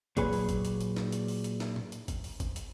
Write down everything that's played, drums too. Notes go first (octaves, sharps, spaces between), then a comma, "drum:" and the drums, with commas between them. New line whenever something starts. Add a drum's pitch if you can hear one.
A#2 F#3 G#4 B4 C#5 B5, drum: kick, hi-hat
drum: open hi-hat
drum: kick, hi-hat
drum: hi-hat
drum: hi-hat
drum: snare
drum: hi-hat
drum: open hi-hat
drum: hi-hat
drum: snare
drum: tom A2
drum: hi-hat
drum: kick, hi-hat
drum: open hi-hat
drum: kick, hi-hat
drum: hi-hat